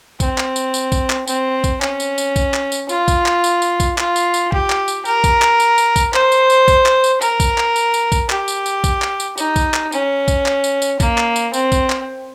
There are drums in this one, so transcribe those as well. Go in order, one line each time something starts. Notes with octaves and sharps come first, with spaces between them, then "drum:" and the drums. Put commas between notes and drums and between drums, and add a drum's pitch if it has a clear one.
C4, drum: kick, tambourine
drum: clap
drum: tambourine
drum: tambourine
drum: kick, tambourine
drum: clap
C4, drum: tambourine
drum: kick, tambourine
C#4, drum: clap
drum: tambourine
drum: tambourine
drum: kick, tambourine
drum: clap
drum: tambourine
F4, drum: tambourine
drum: kick, tambourine
drum: clap
drum: tambourine
drum: tambourine
drum: kick, tambourine
F4, drum: clap
drum: tambourine
drum: tambourine
G4, drum: kick
drum: clap
drum: tambourine
A#4, drum: tambourine
drum: kick, tambourine
drum: clap
drum: tambourine
drum: tambourine
drum: kick, tambourine
C5, drum: clap
drum: tambourine
drum: tambourine
drum: kick, tambourine
drum: clap
drum: tambourine
A#4, drum: tambourine
drum: kick, tambourine
drum: clap
drum: tambourine
drum: tambourine
drum: kick, tambourine
G4, drum: clap
drum: tambourine
drum: tambourine
drum: kick, tambourine
drum: clap
drum: tambourine
D#4, drum: tambourine
drum: kick, tambourine
drum: clap
C#4, drum: tambourine
drum: kick, tambourine
drum: clap
drum: tambourine
drum: tambourine
A#3, drum: kick, tambourine
drum: clap
drum: tambourine
C4, drum: tambourine
drum: kick, tambourine
drum: clap